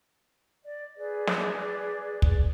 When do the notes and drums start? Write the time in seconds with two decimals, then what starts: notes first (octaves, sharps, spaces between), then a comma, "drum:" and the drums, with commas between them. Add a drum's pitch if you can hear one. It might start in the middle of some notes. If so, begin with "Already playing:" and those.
0.64 D5 D#5
0.97 G#4 B4 D5
1.27 drum: snare
2.22 drum: kick